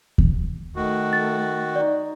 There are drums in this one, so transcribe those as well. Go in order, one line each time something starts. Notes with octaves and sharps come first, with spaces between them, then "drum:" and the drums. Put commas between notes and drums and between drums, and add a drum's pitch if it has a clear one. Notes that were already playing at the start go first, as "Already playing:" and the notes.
drum: kick D#2
D#3 A3 F#4
A6
D#4 D5